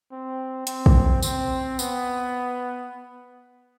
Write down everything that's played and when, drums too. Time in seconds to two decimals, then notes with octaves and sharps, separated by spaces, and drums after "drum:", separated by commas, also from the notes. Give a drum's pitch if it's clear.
0.12 C4
0.67 C4, drum: hi-hat
0.86 drum: kick
1.22 C4, drum: tambourine
1.79 B3, drum: tambourine